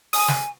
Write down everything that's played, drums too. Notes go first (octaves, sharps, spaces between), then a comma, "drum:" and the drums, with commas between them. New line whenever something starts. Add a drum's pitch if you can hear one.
G#5 D#6, drum: open hi-hat
drum: snare